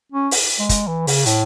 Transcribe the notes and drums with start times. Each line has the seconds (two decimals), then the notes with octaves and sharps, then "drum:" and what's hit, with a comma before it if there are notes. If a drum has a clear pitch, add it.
0.12 C#4
0.31 drum: open hi-hat
0.59 G#3
0.69 drum: kick, hi-hat
0.88 E3
1.07 C#3, drum: open hi-hat
1.26 A2, drum: hi-hat